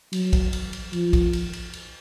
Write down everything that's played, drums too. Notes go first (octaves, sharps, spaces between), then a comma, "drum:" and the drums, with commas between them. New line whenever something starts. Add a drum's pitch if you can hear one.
F#3, drum: cymbal
drum: kick, cymbal
drum: cymbal
drum: cymbal
F3, drum: cymbal
drum: kick, cymbal
drum: cymbal
drum: cymbal
drum: cymbal